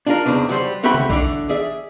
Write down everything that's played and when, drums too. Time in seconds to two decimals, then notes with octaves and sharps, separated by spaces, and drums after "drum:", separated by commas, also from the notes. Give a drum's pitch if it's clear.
0.07 D4 F4 A#4
0.25 E2 G2 C#3 C4 D4
0.49 F#3 G3 C5, drum: hi-hat
0.83 C4 F#4 A4 E5 G5 B5
0.94 drum: tom C3
1.10 D3 E3 D4, drum: kick
1.49 G#4 D5 E5